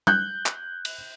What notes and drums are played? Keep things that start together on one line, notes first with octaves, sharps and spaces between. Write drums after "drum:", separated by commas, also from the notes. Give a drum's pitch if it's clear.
F#6 G6, drum: tom G3
drum: clap
drum: cymbal